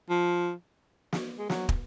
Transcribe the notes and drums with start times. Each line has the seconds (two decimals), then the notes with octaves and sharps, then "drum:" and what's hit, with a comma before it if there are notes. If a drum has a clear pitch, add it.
0.10 F3
1.13 drum: snare
1.38 G#3
1.50 F#3, drum: snare
1.69 drum: kick